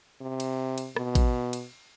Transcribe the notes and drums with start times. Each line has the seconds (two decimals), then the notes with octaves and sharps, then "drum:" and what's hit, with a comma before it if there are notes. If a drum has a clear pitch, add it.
0.21 C3
0.40 drum: cymbal
0.78 drum: cymbal
0.96 B2, drum: rim click
1.15 drum: kick A1, cymbal
1.53 drum: cymbal